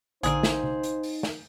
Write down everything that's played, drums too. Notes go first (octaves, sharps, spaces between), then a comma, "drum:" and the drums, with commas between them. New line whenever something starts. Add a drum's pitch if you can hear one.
A#1 D3 A#3 C4 D#4 G#4 C5, drum: hi-hat
drum: snare
drum: tom C3
drum: hi-hat
drum: open hi-hat
drum: snare